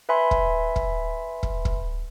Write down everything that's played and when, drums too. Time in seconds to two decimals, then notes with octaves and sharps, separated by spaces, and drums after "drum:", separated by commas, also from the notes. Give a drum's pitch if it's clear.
0.09 B4 E5 G#5 B5 C6
0.31 drum: kick
0.76 drum: kick
1.43 drum: kick
1.65 drum: kick